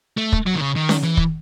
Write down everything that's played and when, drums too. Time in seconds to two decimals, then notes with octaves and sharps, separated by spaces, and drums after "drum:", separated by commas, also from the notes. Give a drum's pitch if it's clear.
0.18 A3
0.32 drum: kick
0.46 F#3
0.55 D#3
0.60 C#3
0.75 D#3
0.89 drum: snare C#4
1.03 E3
1.17 drum: kick